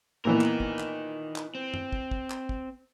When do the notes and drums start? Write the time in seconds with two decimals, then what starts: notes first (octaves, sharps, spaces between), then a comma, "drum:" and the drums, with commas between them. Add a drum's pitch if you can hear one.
0.25 A#2 E3 B3 D#4 A#4
0.41 drum: clap
0.60 drum: kick
0.79 drum: clap
1.36 drum: clap
1.55 C4
1.74 drum: tom F#2
1.93 drum: kick
2.11 drum: kick
2.30 drum: clap
2.49 drum: kick